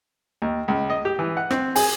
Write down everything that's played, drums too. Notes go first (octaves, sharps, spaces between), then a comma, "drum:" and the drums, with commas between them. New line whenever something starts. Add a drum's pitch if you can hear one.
D#2
C#2
D#5
G4
E3
F#5
C4, drum: rim click
G#4, drum: open hi-hat